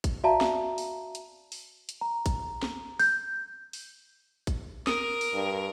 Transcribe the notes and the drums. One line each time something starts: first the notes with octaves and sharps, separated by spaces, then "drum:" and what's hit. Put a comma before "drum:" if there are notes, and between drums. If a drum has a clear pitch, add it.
drum: kick, hi-hat
F#4 D5 E5 F5 A5 A#5
drum: snare
drum: open hi-hat
drum: hi-hat
drum: open hi-hat
drum: hi-hat
A#5
drum: kick, hi-hat
drum: snare
G6, drum: open hi-hat
drum: open hi-hat
drum: kick, hi-hat
A#4 D#6, drum: snare
drum: open hi-hat
G2